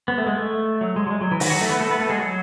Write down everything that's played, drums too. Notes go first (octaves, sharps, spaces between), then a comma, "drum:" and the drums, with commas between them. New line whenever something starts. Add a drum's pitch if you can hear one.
B3
A3
G#3
A3
F#3
G#3
F#3
G#3
F#3
E3
D#3 D#4, drum: open hi-hat
F#3 F#4
A3 A4
B3 B4
A3 A4
B3 B4
A3 A4
G#3 G#4
F#3 F#4